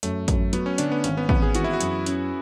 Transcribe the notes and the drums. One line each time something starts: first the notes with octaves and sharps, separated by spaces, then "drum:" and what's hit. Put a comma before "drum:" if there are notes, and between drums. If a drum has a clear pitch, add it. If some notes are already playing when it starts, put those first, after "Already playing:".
F#2 A3, drum: hi-hat
F#2, drum: kick, hi-hat
F#3 B3, drum: hi-hat
C#4
D3 D4, drum: hi-hat
B3
G#1 C#4, drum: hi-hat
B3
G#1 B3, drum: kick
G#4
E3 F#4, drum: hi-hat
E4
F#4
F#2, drum: hi-hat
C#4, drum: hi-hat